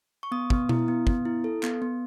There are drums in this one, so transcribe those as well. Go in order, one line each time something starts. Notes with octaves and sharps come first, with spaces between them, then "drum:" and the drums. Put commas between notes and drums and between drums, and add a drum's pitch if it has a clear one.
C#6
B3 D#6
B3, drum: kick
E4, drum: tom B2
B3
B3, drum: kick
E4
A4
B3, drum: clap
B3